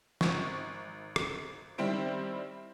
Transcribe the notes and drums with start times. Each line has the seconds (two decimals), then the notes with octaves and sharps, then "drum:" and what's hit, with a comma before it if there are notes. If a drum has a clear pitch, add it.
0.21 G#1 C#6, drum: snare
1.16 drum: rim click
1.78 D#3 G3 C4 E4 C5 D7